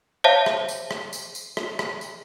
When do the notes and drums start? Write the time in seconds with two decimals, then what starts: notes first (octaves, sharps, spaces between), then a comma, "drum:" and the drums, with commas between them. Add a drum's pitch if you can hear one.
0.24 C5 C#5 E5 F5 A5
0.46 drum: rim click
0.68 drum: tambourine
0.91 drum: rim click
1.13 drum: tambourine
1.35 drum: tambourine
1.57 drum: rim click
1.79 drum: rim click
2.01 drum: tambourine